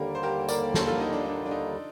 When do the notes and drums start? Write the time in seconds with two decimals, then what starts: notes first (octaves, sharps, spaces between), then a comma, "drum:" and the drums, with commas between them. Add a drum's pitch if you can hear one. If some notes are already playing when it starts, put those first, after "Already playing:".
Already playing: D#2 D3 G3 A#3 G4 A#4
0.15 C5
0.23 G4 A#4
0.49 A#4 D5, drum: tambourine
0.74 A4 C5, drum: snare
0.87 F4 A4
1.01 D#4
1.13 D4
1.26 D4
1.46 D4
1.51 D#4